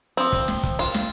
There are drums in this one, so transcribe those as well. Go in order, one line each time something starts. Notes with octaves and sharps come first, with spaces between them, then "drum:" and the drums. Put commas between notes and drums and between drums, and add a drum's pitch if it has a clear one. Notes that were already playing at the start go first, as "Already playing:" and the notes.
F3 C4, drum: hi-hat
drum: kick, hi-hat
drum: snare
drum: kick, hi-hat
F4, drum: open hi-hat
drum: snare